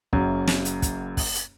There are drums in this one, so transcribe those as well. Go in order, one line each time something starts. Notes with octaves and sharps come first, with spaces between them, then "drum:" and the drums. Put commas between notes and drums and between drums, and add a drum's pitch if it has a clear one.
F#1 F#2, drum: kick
drum: snare
drum: hi-hat
drum: kick, hi-hat
drum: kick, open hi-hat
drum: hi-hat